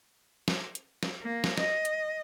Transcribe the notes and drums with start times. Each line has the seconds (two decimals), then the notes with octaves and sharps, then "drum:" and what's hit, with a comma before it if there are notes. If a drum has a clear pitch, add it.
0.48 drum: snare
0.75 drum: hi-hat
1.03 drum: snare
1.23 A#3
1.44 drum: snare
1.58 D#5, drum: snare
1.85 drum: hi-hat